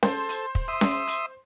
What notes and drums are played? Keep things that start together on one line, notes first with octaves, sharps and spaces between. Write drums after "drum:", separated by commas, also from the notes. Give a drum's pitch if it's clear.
A4 C5, drum: snare C#4
drum: hi-hat
drum: kick
E5 C6 D#6
drum: snare C#4
drum: hi-hat